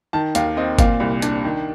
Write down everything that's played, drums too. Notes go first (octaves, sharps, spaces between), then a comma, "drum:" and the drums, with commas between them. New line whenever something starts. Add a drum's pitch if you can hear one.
D#3 A5
D#2 F5, drum: hi-hat
C4 D#5
A#2 F5, drum: kick G1, hi-hat
C2
D4, drum: hi-hat
D#3